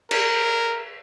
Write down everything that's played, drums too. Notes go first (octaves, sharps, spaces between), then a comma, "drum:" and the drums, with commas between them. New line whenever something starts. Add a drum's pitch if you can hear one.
A#4, drum: cymbal